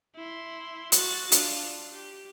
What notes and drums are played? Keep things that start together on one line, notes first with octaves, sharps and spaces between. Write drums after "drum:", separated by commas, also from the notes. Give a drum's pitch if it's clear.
E4 C6
F#4 A6, drum: hi-hat
D4 F4, drum: hi-hat
G4